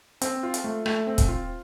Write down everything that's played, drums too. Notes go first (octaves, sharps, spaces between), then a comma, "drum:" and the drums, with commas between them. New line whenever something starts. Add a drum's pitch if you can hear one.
C4, drum: hi-hat
F4
drum: hi-hat
A3
A3, drum: rim click
C4
drum: kick, hi-hat
F4